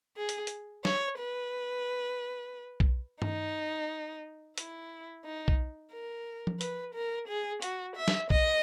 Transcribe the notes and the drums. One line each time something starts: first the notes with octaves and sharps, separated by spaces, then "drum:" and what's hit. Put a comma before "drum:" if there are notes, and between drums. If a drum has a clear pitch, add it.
G#4
drum: hi-hat
drum: hi-hat
C#5, drum: snare
B4
drum: kick B1
D#4, drum: tom G2
E4, drum: hi-hat
D#4
drum: kick B1
A#4
drum: tom F3
B4, drum: hi-hat
A#4
G#4
F#4, drum: hi-hat
E5
drum: snare
D#5, drum: kick B1